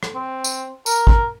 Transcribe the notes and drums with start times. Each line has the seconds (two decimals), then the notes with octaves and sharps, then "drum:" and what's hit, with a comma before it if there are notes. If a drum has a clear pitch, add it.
0.03 drum: rim click
0.15 C4
0.44 drum: tambourine
0.86 A#4, drum: tambourine
1.07 drum: kick